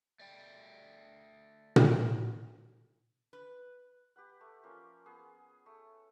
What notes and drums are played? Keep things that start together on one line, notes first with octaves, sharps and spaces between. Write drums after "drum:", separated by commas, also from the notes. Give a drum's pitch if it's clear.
A3 D5 G5
drum: tom A#2
B4
G4 B4 F#5
A3
F3 A#3 C#4
B3 G#4
A3